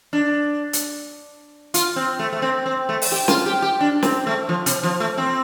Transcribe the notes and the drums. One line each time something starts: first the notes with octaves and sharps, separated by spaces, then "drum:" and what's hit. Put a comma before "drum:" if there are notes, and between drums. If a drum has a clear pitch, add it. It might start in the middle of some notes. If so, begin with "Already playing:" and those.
D4
drum: hi-hat
F4, drum: hi-hat
C4
A3
A3
C4
C4
A3
drum: open hi-hat
G4
F4, drum: snare
G4
G4
D4
C4, drum: snare
A3
F3
C3, drum: hi-hat
F3
A3
C4